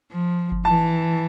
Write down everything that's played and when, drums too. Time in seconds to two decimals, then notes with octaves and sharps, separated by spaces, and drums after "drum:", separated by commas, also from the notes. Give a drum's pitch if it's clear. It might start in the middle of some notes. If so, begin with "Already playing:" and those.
0.11 F3
0.52 drum: kick F#1
0.65 E3 A5